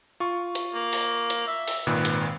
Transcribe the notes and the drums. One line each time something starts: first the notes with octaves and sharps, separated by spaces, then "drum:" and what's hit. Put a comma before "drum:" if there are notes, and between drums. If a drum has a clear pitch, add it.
F4 C#6
drum: hi-hat
A#3
drum: open hi-hat
drum: hi-hat
E5
drum: open hi-hat
G#1 A#2 D#3 B4
drum: hi-hat